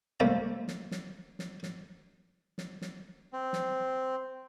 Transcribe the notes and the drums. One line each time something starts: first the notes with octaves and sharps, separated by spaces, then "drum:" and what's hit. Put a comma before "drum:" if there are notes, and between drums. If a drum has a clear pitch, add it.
C3 G3 A3 A#3 C4
drum: snare
drum: snare
drum: snare
drum: snare
drum: snare
drum: snare
C4
drum: snare